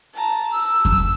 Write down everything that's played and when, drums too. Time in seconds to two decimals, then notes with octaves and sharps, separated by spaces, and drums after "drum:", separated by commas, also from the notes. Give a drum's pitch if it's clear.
0.14 A5 A#5
0.53 E6
0.85 drum: kick F2